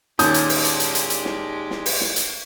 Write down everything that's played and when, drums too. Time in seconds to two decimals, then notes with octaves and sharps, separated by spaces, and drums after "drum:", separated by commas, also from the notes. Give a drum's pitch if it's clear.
0.19 D#2 A#2 G#3 C#4 G4 D#6 G6, drum: hi-hat
0.34 drum: hi-hat
0.49 drum: open hi-hat
0.64 drum: hi-hat
0.80 drum: hi-hat
0.95 drum: hi-hat
1.10 drum: hi-hat
1.25 drum: snare
1.71 drum: snare
1.86 drum: open hi-hat
2.01 drum: snare
2.16 drum: hi-hat